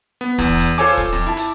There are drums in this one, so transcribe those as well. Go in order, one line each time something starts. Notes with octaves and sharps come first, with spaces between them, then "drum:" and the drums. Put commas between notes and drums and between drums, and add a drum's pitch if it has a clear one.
B3
E2, drum: kick, hi-hat
drum: hi-hat
F4 A4 C5 C#5 G#5 D6
drum: kick, open hi-hat
F2
E4 A5
drum: hi-hat